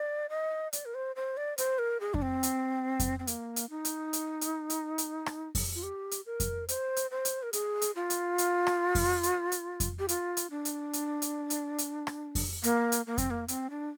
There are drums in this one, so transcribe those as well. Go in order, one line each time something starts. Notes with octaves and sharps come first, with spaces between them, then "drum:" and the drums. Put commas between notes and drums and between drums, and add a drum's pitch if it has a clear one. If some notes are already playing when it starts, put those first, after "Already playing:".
Already playing: D5
D#5
D5, drum: hi-hat
A#4
C5
C5
D5
C5, drum: hi-hat
A#4
G#4
D4, drum: kick F2
C4
drum: hi-hat
drum: kick F2, hi-hat
C4
A#3, drum: hi-hat
drum: hi-hat
D#4
drum: hi-hat
drum: hi-hat
drum: hi-hat
drum: hi-hat
drum: hi-hat
drum: rim click
drum: kick F2, open hi-hat
F4
G4
drum: hi-hat
A#4
drum: kick F2, hi-hat
C5, drum: hi-hat
drum: hi-hat
C5
drum: hi-hat
A#4
G#4, drum: hi-hat
drum: hi-hat
F4
drum: hi-hat
drum: hi-hat
drum: rim click
drum: kick F2, open hi-hat
drum: hi-hat
drum: hi-hat
drum: kick F2, hi-hat
G4
F4, drum: hi-hat
drum: hi-hat
D4
drum: hi-hat
drum: hi-hat
drum: hi-hat
drum: hi-hat
drum: hi-hat
drum: rim click
drum: kick F2, open hi-hat
A#3, drum: hi-hat
drum: hi-hat
A#3
C4, drum: kick F2, hi-hat
A#3
C4, drum: hi-hat
D4